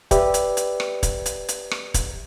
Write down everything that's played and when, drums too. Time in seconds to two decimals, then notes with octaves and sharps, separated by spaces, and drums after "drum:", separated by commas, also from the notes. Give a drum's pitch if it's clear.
0.11 G4 B4 D5 E5, drum: kick, hi-hat
0.34 drum: hi-hat
0.57 drum: hi-hat
0.80 drum: rim click
1.03 drum: kick, hi-hat
1.26 drum: hi-hat
1.48 drum: hi-hat
1.71 drum: rim click
1.94 drum: kick, hi-hat